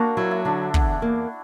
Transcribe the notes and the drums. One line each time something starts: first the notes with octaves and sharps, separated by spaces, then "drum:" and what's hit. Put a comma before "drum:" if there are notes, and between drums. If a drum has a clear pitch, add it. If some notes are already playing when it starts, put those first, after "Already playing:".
Already playing: A#3 D4 F#4
F#3 E4
E4
D3 D4
E2, drum: kick
A#3